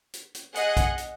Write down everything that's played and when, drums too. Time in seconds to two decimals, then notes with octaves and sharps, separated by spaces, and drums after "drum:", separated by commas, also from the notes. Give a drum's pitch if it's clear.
0.14 drum: hi-hat
0.35 drum: hi-hat
0.55 G#4 D#5 F#5, drum: hi-hat
0.77 drum: kick B1, hi-hat
0.98 drum: hi-hat